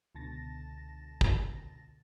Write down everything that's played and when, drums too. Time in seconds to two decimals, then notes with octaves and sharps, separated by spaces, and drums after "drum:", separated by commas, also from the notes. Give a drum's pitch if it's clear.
0.15 C#2 B2 D3 A5 A6 A#6
1.21 drum: kick